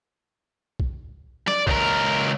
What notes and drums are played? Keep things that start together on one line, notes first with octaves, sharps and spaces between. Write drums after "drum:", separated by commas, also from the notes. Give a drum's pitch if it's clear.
drum: kick
D5, drum: snare
C#2 A#4, drum: kick